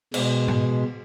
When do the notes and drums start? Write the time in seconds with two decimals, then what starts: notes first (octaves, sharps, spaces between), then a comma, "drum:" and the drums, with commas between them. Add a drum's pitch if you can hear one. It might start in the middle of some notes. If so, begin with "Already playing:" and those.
0.14 B2 G#3, drum: cymbal
0.48 drum: tom G#2